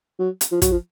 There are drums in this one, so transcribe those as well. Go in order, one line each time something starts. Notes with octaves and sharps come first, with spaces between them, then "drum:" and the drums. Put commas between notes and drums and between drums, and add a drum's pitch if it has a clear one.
F#3
drum: hi-hat
F3
F#3, drum: kick, hi-hat
F3